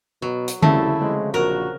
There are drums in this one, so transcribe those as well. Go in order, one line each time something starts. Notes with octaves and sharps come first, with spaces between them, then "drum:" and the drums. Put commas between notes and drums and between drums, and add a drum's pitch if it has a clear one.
B2 F#3
drum: hi-hat
C2 C#3 A3 E4 A5, drum: tom D3
F3 G#3 C4 F#6
A#1 F#3 F#4 A#4